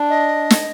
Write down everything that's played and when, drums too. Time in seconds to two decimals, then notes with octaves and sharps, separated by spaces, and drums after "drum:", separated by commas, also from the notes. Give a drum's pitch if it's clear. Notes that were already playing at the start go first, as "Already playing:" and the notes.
Already playing: D4
0.09 D#5
0.50 drum: snare